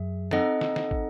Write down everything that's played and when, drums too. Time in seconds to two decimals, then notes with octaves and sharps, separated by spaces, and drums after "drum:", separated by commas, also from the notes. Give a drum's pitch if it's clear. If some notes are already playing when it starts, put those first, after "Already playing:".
Already playing: F#2 G#4 E5
0.31 C4 D#4 A4 D#5 F#5, drum: snare
0.61 drum: snare
0.76 drum: snare
0.91 drum: kick